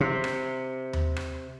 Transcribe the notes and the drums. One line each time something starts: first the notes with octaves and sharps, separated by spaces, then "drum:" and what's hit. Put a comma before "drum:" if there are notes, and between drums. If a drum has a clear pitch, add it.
C3
drum: rim click
drum: tom D#2
drum: rim click